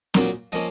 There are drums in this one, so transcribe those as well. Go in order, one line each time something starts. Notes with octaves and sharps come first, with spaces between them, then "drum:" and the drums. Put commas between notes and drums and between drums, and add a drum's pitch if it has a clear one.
A#2 F#3 A#3, drum: snare C4
F3 A#3 C#4 D#5